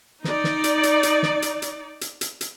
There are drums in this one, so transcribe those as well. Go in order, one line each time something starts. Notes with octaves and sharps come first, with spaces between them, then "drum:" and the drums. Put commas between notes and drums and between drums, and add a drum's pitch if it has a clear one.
D#4 D5, drum: snare
drum: snare
drum: hi-hat
drum: hi-hat
drum: hi-hat
drum: snare
drum: hi-hat
drum: hi-hat
drum: hi-hat
drum: hi-hat
drum: hi-hat